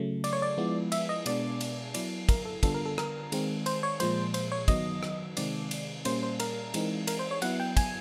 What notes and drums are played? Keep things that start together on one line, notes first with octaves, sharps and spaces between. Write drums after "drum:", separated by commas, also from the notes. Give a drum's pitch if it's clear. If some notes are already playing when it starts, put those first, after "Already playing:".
Already playing: C#3 F#3 A3
D5, drum: cymbal
C#5
D5
F3 G#3 B3 E4
E5, drum: cymbal
D#5
B2 G#3 B3 D4 D5, drum: cymbal
drum: cymbal
F#3 B3 E4 D5, drum: cymbal
A#4, drum: kick, cymbal
A4
D3 G3 B3 D4 F4 A4, drum: kick, cymbal
A#4
A4
A#4, drum: rim click
D#3 G#3 C4, drum: cymbal
C5, drum: cymbal
C#5
A#2 F3 G#3 C5, drum: cymbal
C5, drum: cymbal
C#5
D#3 F#3 B3 D#4 D#5, drum: kick, cymbal
drum: rim click
C3 D#3 G#3 C4 D#4 D5, drum: cymbal
drum: cymbal
A#2 G3 A#3 C#4 C5, drum: cymbal
C5
A#4, drum: cymbal
E3 G#3 C4 D#4, drum: cymbal
A#4, drum: cymbal
C5
C#5
F#3 B3 E4 F#5, drum: cymbal
G5
G#5, drum: kick, cymbal